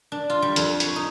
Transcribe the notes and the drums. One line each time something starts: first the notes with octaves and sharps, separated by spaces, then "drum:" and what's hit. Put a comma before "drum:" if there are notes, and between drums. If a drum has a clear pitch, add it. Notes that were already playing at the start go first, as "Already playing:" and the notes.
D4
F4
G3
F2, drum: hi-hat
C#5, drum: hi-hat
D#4